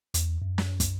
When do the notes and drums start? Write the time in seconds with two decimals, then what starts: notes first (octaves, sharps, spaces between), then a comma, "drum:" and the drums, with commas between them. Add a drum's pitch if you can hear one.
0.14 E2, drum: hi-hat
0.42 F#2
0.58 drum: snare
0.80 drum: kick, hi-hat